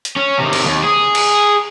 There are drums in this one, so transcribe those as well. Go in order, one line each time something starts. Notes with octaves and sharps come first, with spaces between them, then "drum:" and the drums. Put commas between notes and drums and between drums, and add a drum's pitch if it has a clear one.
drum: hi-hat
C#4
C3 D#3
drum: cymbal
D#2
G#4
drum: cymbal